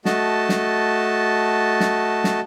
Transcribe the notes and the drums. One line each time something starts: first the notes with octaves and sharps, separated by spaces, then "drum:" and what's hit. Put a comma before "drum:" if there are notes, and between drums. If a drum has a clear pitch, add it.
A3 F#4 D#5 A5, drum: snare
drum: snare
drum: snare
drum: snare